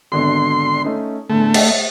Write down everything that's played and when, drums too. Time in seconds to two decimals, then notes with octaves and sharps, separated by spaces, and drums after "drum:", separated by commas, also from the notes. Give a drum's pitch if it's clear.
0.12 G#1 B2 D3 C6
0.85 A3 C#4 D#4
1.29 E2 A2 D3 A3
1.54 D#5 E5 F#5, drum: cymbal